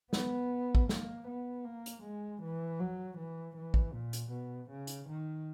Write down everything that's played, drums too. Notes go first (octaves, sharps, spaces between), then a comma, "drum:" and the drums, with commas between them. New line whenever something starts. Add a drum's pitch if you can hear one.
B3, drum: snare
drum: kick
A#3, drum: snare
B3
A#3
drum: hi-hat
G#3
E3
F#3
E3
E3
drum: kick
A#2
drum: hi-hat
B2
C#3
drum: hi-hat
D#3